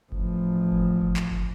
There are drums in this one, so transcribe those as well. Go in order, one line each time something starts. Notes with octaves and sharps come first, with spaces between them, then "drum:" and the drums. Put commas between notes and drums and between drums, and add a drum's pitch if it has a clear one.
A1 F3, drum: kick G1
drum: kick G1
drum: kick G1
drum: clap
drum: kick G1